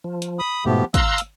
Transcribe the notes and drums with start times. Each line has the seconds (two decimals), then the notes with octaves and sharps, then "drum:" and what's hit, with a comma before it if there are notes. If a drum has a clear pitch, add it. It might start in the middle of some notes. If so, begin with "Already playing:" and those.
0.04 F3
0.22 drum: hi-hat
0.39 B5 D#6
0.65 G#2 B2 F3 A3 B3 G4
0.94 F5 A#5 C6 E6 F#6, drum: kick, hi-hat
1.18 drum: hi-hat